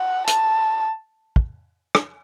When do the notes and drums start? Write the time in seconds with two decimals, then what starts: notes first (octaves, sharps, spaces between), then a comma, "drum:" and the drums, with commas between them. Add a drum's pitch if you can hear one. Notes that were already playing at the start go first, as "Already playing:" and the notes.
Already playing: F#5
0.27 A5, drum: hi-hat
1.36 drum: kick
1.95 drum: rim click